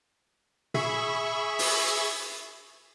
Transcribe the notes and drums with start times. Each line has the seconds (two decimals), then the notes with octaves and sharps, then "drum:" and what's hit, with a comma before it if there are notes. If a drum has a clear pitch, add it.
0.74 G#4 E5 B5 C#6, drum: tom
1.59 drum: open hi-hat